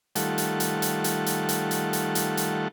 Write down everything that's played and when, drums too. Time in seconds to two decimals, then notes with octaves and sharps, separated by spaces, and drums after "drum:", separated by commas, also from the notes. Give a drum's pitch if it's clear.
0.15 D#3 G3 A3 F4 A4 F#5, drum: hi-hat
0.38 drum: hi-hat
0.60 drum: hi-hat
0.82 drum: hi-hat
1.04 drum: hi-hat
1.26 drum: hi-hat
1.49 drum: hi-hat
1.71 drum: hi-hat
1.93 drum: hi-hat
2.15 drum: hi-hat
2.37 drum: hi-hat